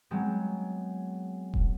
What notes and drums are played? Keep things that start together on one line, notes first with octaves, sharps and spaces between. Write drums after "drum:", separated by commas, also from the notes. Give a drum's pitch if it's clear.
F#3 G#3 B3 C4
drum: kick D#1